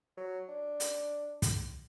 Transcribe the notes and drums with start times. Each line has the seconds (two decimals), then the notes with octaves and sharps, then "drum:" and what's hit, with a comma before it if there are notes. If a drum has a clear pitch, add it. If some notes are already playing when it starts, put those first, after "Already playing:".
0.17 F#3
0.49 D4
0.80 drum: hi-hat
1.42 drum: kick, hi-hat